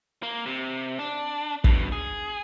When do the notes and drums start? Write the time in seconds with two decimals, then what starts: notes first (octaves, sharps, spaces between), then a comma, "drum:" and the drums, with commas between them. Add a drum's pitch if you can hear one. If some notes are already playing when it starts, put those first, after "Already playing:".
0.23 A#3
0.46 C3
0.99 D4
1.64 G2 B2, drum: kick
1.92 G#4